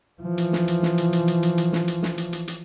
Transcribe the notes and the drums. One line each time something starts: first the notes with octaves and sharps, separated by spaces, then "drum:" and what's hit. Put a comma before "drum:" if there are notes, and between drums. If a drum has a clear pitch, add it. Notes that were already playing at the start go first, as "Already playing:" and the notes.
E3 F3
drum: hi-hat
drum: snare
drum: hi-hat
drum: snare
drum: hi-hat
drum: hi-hat
drum: hi-hat
drum: hi-hat
drum: hi-hat
drum: snare
drum: hi-hat
drum: snare
drum: hi-hat
drum: hi-hat
drum: hi-hat